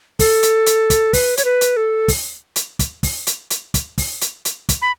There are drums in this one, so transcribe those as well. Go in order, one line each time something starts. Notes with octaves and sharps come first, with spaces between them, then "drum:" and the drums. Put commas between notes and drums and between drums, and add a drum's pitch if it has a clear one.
A4, drum: kick, open hi-hat
drum: hi-hat
drum: hi-hat
drum: kick, hi-hat
B4, drum: kick, open hi-hat
C#5, drum: hi-hat
B4
drum: hi-hat
A4
drum: kick, open hi-hat
drum: hi-hat
drum: kick, hi-hat
drum: kick, open hi-hat
drum: hi-hat
drum: hi-hat
drum: kick, hi-hat
drum: kick, open hi-hat
drum: hi-hat
drum: hi-hat
drum: kick, hi-hat
B5